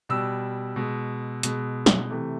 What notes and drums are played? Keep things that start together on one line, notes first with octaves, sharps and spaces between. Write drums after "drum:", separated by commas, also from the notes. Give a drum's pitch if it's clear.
B2 G3 E6
B2 G#3
B2 G#3, drum: hi-hat
drum: snare
C3 E3 A3